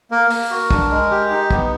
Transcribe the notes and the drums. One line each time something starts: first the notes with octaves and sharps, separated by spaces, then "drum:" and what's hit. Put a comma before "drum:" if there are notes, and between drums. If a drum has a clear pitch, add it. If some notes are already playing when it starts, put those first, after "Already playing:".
A#3 A#4
A#3, drum: open hi-hat
F#4
D4, drum: kick
G#3
G4
D#4
B3, drum: kick